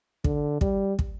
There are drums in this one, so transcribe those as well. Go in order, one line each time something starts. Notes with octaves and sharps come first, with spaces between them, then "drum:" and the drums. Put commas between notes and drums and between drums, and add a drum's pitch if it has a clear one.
D3, drum: kick
G3, drum: kick
drum: kick